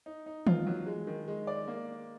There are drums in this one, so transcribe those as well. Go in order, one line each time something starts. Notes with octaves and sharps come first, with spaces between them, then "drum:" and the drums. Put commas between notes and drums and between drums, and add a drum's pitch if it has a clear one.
D#4
D#4
F4, drum: tom D#3
F#3
G#3
D#3
G#3
D5
A#3